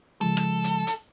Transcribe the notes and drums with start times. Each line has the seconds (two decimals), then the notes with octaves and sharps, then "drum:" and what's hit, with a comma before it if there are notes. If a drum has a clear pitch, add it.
0.21 C#3 F3 G#3 A4
0.37 drum: rim click
0.64 drum: hi-hat
0.87 drum: hi-hat